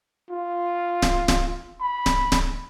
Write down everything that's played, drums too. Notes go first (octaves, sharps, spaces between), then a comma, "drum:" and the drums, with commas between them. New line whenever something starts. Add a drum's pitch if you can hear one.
F4
drum: snare D1
drum: snare D1
B5
drum: snare D1
drum: snare D1